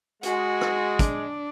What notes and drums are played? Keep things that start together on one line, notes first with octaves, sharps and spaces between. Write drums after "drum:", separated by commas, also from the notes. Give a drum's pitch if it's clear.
G#3 F#4, drum: hi-hat
drum: rim click
D4, drum: kick, hi-hat